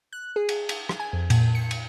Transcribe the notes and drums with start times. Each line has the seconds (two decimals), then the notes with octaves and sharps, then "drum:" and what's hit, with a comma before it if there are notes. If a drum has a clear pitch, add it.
0.13 F#6
0.36 G#4
0.49 drum: cymbal
0.69 drum: cymbal
0.89 drum: rim click
1.00 G#5
1.13 F2
1.30 A#2, drum: cymbal
1.55 C#7
1.71 drum: cymbal